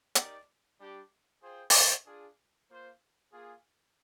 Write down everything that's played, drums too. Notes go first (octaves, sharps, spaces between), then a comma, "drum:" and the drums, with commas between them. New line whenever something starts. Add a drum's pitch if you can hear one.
D#4 G4 A#4 D5, drum: hi-hat
G3 D4 G4
F4 G#4 C5 G5
drum: open hi-hat
D4 F4 G#4
A#3 F4 C5
A#3 F4 G#4